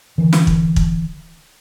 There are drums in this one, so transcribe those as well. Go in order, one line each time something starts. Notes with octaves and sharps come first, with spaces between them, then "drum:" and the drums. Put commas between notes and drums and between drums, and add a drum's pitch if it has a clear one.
D3 E3
drum: snare
drum: kick
drum: kick